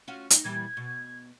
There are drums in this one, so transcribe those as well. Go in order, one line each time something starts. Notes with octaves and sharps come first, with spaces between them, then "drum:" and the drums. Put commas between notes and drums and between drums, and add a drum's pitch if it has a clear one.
C#4 F4 F#4
D#4, drum: hi-hat
A#2 E3 G3 G#6
B2